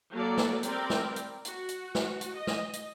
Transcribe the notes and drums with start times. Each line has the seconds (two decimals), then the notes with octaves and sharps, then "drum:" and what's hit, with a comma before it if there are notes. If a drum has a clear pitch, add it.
0.11 F#3 A#3 A4 D5
0.37 drum: snare
0.63 G3 C4 A#4 D5 G5, drum: hi-hat
0.90 drum: snare
1.16 drum: hi-hat
1.45 F#4, drum: hi-hat
1.69 drum: hi-hat
1.95 drum: snare
2.21 drum: hi-hat
2.36 D#5
2.47 drum: snare
2.73 drum: hi-hat